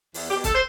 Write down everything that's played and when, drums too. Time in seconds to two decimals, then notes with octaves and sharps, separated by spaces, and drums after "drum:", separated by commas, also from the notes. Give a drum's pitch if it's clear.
0.14 E2, drum: open hi-hat
0.29 G4
0.36 B2
0.44 A4, drum: kick, hi-hat
0.54 C5